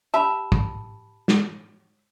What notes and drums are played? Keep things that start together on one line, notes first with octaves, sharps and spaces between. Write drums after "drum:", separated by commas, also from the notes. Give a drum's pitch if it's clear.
G4 E5 A5 B5
drum: kick
drum: snare